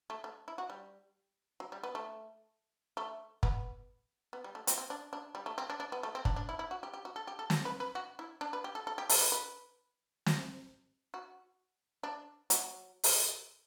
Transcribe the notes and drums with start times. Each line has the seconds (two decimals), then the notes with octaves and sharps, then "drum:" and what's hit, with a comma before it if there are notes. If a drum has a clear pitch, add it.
0.10 A3
0.24 A3
0.48 E4
0.58 F#4
0.70 G3
1.60 F#3
1.72 G3
1.83 B3
1.95 A3
2.97 A3
3.43 B3, drum: kick
4.33 B3
4.44 G3
4.55 A3
4.67 C4, drum: hi-hat
4.78 C4
4.90 D4
5.13 D4
5.35 G3
5.46 A3
5.58 C4
5.70 D4
5.80 D4
5.92 B3
6.03 A3
6.15 C4
6.25 D4, drum: kick
6.36 D4
6.49 E4
6.59 E4
6.71 F#4
6.83 G4
6.94 G4
7.05 F#4
7.16 A4
7.27 G4
7.39 A4
7.50 A4, drum: snare
7.65 B4
7.80 B4
7.95 F#4
8.19 E4
8.41 D4
8.53 B4
8.64 G4
8.75 A4
8.87 A4
8.98 G4
9.09 A4, drum: open hi-hat
9.21 B4
9.32 B4
10.26 drum: snare
11.14 F#4
12.03 D4
12.50 F#3, drum: hi-hat
13.04 drum: open hi-hat